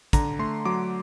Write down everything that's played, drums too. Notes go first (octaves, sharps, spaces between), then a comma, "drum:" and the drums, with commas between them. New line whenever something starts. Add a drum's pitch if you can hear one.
D3 A#5, drum: kick, hi-hat
A3 C6
F#3 D6